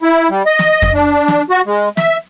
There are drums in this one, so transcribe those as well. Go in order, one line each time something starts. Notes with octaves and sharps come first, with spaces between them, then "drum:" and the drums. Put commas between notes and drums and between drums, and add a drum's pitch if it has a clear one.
E4
G3
D#5
drum: snare
drum: kick F2
D4
drum: snare
F#4
G#3
E5, drum: snare